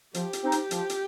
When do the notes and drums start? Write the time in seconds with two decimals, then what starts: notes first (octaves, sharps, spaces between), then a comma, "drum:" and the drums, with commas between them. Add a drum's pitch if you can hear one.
0.14 F3 G4, drum: hi-hat
0.33 drum: hi-hat
0.43 C4 D#4
0.52 drum: hi-hat
0.71 F3, drum: hi-hat
0.90 drum: hi-hat